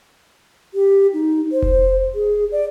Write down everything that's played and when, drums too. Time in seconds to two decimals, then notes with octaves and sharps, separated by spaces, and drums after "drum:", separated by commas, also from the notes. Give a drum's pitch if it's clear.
0.74 G4
1.13 D#4
1.52 C5
1.62 drum: kick F1
2.15 G#4
2.52 D5